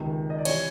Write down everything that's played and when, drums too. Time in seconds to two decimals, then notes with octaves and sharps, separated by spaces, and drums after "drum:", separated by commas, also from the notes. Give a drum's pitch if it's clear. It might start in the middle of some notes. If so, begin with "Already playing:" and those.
Already playing: C#2 C3 D#3
0.30 D#5
0.38 D5
0.45 C3 E3 C#5, drum: cymbal